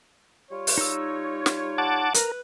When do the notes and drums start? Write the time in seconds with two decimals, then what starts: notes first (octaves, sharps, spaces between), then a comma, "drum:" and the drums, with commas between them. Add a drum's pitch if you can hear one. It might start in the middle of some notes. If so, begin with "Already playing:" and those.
0.51 G3 F4 C#5
0.67 drum: open hi-hat
0.78 D#4 E6
1.46 drum: snare
1.78 F#5 A5 D6
2.14 A#4 B4, drum: hi-hat